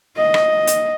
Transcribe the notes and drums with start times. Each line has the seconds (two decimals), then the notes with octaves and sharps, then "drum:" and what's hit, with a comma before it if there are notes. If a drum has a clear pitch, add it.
0.17 D#5
0.34 drum: rim click
0.67 drum: hi-hat